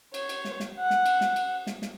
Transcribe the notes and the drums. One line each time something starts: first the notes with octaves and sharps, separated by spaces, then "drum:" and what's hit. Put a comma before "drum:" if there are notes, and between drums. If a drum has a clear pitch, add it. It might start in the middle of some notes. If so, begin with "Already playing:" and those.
C#5, drum: cymbal
drum: cymbal
drum: snare
drum: snare
F#5
drum: snare
drum: cymbal
drum: snare
drum: cymbal
drum: snare
drum: snare